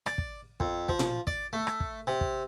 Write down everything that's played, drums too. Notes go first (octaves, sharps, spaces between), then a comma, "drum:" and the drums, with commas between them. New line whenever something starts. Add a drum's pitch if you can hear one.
D5, drum: rim click
drum: kick
F2, drum: kick
F3, drum: kick
drum: tom A#2
D5, drum: kick
A3
drum: rim click
drum: kick
C3
drum: kick